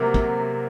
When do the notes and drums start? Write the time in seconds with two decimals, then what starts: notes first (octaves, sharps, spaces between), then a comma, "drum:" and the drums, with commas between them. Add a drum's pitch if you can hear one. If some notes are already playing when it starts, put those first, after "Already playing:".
Already playing: C3 F#3 A3 A#3
0.14 drum: kick